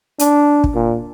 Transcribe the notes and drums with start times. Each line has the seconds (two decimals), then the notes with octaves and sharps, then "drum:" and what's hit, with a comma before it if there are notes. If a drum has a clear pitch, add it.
0.19 D4, drum: hi-hat
0.64 drum: kick
0.74 A#2